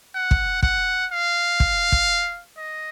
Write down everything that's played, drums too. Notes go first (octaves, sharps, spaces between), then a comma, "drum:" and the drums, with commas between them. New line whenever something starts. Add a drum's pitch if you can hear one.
F#5
drum: kick
F#5, drum: kick
F5
drum: kick
drum: kick
D#5